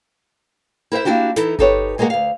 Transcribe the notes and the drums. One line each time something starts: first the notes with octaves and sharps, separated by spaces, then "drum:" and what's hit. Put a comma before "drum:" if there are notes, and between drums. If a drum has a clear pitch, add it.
E4 A#4 C5 E5
A#3 C4 D4 E4 F#4 G4
E3 D#4 E4 A4, drum: snare
D#4 G4 A4 B4 C#5, drum: kick G1
B2 G#3 A#3 G#4 A#4 F#5
D2 F5